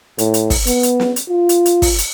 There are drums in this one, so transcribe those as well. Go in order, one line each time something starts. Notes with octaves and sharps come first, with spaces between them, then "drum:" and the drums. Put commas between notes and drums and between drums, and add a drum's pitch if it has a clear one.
A2, drum: hi-hat
drum: hi-hat
drum: kick, open hi-hat
B3, drum: hi-hat
drum: hi-hat
drum: snare
drum: hi-hat
F4
drum: hi-hat
drum: hi-hat
drum: kick, open hi-hat
drum: hi-hat